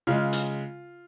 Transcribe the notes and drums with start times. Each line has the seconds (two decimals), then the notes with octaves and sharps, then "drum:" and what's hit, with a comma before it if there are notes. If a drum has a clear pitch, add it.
0.07 C#3 G#3 F4
0.33 drum: hi-hat